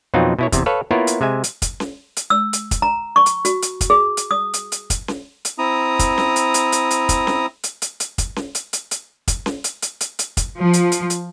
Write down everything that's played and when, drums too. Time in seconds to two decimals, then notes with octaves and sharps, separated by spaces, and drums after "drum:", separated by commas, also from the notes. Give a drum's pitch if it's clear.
0.14 F2 B2 F#3 C4 D#4 F4
0.39 B2 E4 C#5
0.52 E2 C3, drum: kick, hi-hat
0.66 A4 B4 C#5 F5
0.91 A#3 B3 E4 F4 A#4 C#5
1.07 drum: hi-hat
1.21 C3 G#3 E5 G#5
1.44 drum: hi-hat
1.62 drum: kick, hi-hat
1.80 drum: snare C#4
2.16 drum: hi-hat
2.30 E6
2.53 drum: hi-hat
2.71 drum: kick, hi-hat
2.82 A#5
3.16 C#6
3.26 drum: hi-hat
3.45 F#4, drum: hi-hat
3.62 drum: hi-hat
3.81 drum: kick, hi-hat
3.90 G#4
4.17 drum: hi-hat
4.31 D#6
4.54 drum: hi-hat
4.72 drum: hi-hat
4.90 drum: kick, hi-hat
5.08 drum: snare C#4
5.45 drum: hi-hat
5.58 C4 E4 A#5 D#6
5.99 drum: kick, hi-hat
6.18 drum: snare C#4
6.36 drum: hi-hat
6.54 drum: hi-hat
6.72 drum: hi-hat
6.91 drum: hi-hat
7.09 drum: kick, hi-hat
7.27 drum: snare C#4
7.63 drum: hi-hat
7.82 drum: hi-hat
8.00 drum: hi-hat
8.18 drum: kick, hi-hat
8.36 drum: snare C#4
8.55 drum: hi-hat
8.73 drum: hi-hat
8.91 drum: hi-hat
9.28 drum: kick, hi-hat
9.46 drum: snare C#4
9.64 drum: hi-hat
9.82 drum: hi-hat
10.00 drum: hi-hat
10.19 drum: hi-hat
10.37 drum: kick, hi-hat
10.59 F3
10.73 drum: hi-hat
10.92 drum: hi-hat
11.10 drum: hi-hat